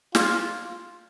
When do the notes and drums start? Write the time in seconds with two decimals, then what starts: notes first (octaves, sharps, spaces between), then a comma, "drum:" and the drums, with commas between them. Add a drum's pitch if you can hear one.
0.15 F4, drum: snare